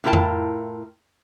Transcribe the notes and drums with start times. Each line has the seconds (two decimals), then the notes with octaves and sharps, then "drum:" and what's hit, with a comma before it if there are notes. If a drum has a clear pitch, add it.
0.04 A2 E4 F4 A#4 G5 A5
0.13 drum: tom F2